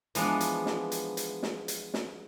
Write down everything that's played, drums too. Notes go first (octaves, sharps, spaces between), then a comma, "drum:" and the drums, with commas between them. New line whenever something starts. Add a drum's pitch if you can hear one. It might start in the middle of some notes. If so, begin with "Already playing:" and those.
E3 F3 G#3 B3 D4, drum: hi-hat
drum: hi-hat
drum: snare
drum: hi-hat
drum: hi-hat
drum: snare
drum: hi-hat
drum: snare